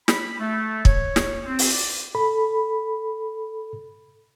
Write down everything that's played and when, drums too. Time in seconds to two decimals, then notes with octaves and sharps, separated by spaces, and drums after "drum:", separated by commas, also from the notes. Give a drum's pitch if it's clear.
0.08 B5, drum: snare
0.38 A3
0.85 C#5, drum: kick
1.16 drum: snare
1.45 C4
1.59 drum: open hi-hat
1.71 D5
2.15 A4 B5